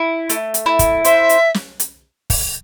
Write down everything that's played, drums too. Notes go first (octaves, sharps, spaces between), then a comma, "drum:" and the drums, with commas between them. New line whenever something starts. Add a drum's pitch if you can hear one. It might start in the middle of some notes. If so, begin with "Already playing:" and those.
Already playing: E4
A3, drum: hi-hat
drum: hi-hat
E4
drum: kick, hi-hat
C5 E5, drum: hi-hat
drum: hi-hat
drum: snare
drum: hi-hat
drum: kick, open hi-hat